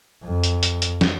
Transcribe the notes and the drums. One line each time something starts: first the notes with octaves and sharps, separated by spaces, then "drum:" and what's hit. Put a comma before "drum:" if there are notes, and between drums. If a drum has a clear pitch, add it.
F2
drum: hi-hat
drum: hi-hat
drum: hi-hat
drum: snare